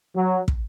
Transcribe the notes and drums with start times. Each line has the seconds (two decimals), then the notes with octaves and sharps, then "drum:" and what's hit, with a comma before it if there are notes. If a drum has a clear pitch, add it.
0.16 F#3
0.48 drum: kick